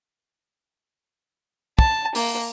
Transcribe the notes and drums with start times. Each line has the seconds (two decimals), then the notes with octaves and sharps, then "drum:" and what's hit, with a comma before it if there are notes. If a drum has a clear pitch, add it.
1.79 A5, drum: kick
2.15 A#3, drum: open hi-hat